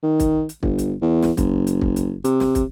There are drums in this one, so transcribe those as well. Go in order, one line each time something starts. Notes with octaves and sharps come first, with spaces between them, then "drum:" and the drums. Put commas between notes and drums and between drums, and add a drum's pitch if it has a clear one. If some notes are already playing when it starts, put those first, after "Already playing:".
D#3
drum: kick, hi-hat
drum: hi-hat
G1, drum: kick
drum: hi-hat
E2
drum: snare
F#1, drum: kick, hi-hat
drum: hi-hat
drum: kick
drum: hi-hat
C3, drum: hi-hat
drum: snare
drum: kick, hi-hat